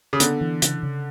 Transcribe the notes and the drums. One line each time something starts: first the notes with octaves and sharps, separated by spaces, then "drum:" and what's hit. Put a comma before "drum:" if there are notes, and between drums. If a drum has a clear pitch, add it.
C#3
D3 B3, drum: hi-hat
E3
C#3, drum: hi-hat
C#3